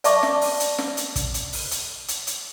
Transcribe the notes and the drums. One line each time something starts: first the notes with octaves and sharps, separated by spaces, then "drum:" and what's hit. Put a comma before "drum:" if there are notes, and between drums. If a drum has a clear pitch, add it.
D5 E5 A5 C#6 D6, drum: hi-hat
drum: snare
drum: open hi-hat
drum: hi-hat
drum: snare
drum: hi-hat
drum: kick, hi-hat
drum: hi-hat
drum: open hi-hat
drum: hi-hat
drum: hi-hat
drum: hi-hat